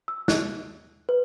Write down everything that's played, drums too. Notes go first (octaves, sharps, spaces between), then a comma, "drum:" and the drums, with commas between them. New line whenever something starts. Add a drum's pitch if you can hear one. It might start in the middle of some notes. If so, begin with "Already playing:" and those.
E6
F#6, drum: snare
B4